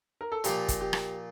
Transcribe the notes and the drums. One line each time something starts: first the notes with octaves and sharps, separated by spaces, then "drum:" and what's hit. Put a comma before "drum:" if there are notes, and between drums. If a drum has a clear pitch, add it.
A#4
A4
A#2 F3 A#3 G4, drum: hi-hat
drum: kick, hi-hat
G4
drum: rim click